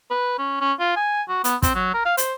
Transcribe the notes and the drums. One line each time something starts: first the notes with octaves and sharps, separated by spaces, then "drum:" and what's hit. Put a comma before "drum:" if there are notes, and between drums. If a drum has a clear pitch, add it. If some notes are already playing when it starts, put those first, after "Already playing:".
B4
C#4
C#4
F4
G#5
F#4
B3, drum: hi-hat
C4, drum: kick, hi-hat
F#3
A#4
F5
C5, drum: hi-hat